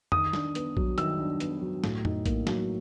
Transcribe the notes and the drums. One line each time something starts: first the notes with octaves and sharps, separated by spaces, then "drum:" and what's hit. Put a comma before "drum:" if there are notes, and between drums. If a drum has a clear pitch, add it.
D#3 D#6, drum: tom F2
D4, drum: snare
B3, drum: hi-hat
F#3, drum: kick A#1
D#3 E6, drum: hi-hat
D4
B3, drum: hi-hat
F#3
A2, drum: snare
D#4, drum: tom F2
A#3, drum: kick A#1, hi-hat
F#3, drum: snare